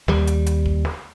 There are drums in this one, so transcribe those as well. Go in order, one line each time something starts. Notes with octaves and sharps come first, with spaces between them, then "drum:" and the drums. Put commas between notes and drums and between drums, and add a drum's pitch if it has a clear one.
D#2 G3, drum: snare
drum: hi-hat
drum: hi-hat
drum: kick
drum: snare